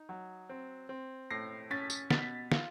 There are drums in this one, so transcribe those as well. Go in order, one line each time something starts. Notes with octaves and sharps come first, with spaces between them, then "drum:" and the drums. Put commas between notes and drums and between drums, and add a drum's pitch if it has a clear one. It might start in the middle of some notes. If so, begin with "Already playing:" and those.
Already playing: D#4
F#3
C4
C4
A2 A#6 C7
C#4 A6 B6
drum: tambourine
B2 A6 B6, drum: snare
F4, drum: snare